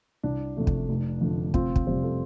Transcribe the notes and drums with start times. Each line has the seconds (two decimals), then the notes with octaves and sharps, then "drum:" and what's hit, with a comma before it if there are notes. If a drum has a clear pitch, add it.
0.23 C2 D4
0.57 C3 F3 A3
0.67 drum: kick
0.89 F1
1.21 F2 D3 A3
1.54 F1 C4 F4, drum: kick
1.76 drum: kick
1.87 F2 C3 G3 G4 C5
2.03 F4 A4